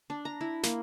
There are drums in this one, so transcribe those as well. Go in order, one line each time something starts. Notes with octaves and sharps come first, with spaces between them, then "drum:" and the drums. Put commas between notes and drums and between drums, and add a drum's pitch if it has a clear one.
D4
A#5
E4
A#3, drum: snare